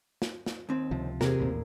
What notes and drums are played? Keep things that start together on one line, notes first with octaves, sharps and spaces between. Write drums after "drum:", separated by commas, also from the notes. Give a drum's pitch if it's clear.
drum: snare
drum: snare
D#2 C4
C#2 C3 F3
E2 C3 G#4 A#4, drum: snare
A1 D#2 A#2